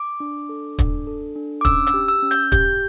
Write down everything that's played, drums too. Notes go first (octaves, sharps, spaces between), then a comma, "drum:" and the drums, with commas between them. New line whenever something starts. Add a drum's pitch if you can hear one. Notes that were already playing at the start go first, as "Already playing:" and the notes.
Already playing: D6
D4
A4
D4, drum: kick, hi-hat
A4
D4
D6
C#4 E6, drum: kick, hi-hat
E6, drum: hi-hat
G4
E6
C#4
G6, drum: hi-hat
G4 G6, drum: kick, hi-hat